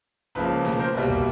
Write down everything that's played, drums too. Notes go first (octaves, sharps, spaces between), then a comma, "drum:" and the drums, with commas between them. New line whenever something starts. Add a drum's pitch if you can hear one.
C#2 C#3 F3 A#3 B4
B4, drum: snare
A#4 C5
C2 B2 G3 A#3 B4
drum: kick